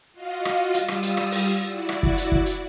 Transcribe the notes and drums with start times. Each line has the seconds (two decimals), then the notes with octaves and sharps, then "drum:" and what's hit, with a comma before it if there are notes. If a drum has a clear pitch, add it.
0.13 F4 F#4 D#5 F5
0.45 drum: rim click
0.74 G3 F4 D#6 E6, drum: hi-hat
0.88 drum: rim click
1.03 drum: hi-hat
1.17 drum: rim click
1.31 drum: open hi-hat
1.66 E4 F#4 D5
1.89 drum: rim click
2.03 drum: kick
2.17 drum: hi-hat
2.32 drum: kick
2.46 drum: hi-hat